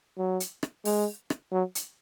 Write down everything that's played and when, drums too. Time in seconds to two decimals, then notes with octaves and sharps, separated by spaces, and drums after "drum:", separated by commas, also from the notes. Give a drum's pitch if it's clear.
0.18 F#3
0.40 drum: hi-hat
0.63 drum: rim click
0.85 G#3, drum: open hi-hat
1.30 drum: rim click
1.52 F#3
1.75 drum: hi-hat